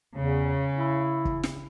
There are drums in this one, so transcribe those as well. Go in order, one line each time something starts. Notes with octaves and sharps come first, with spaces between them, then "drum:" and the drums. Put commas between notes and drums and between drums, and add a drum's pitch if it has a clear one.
E2 C#3
E4
drum: kick
drum: snare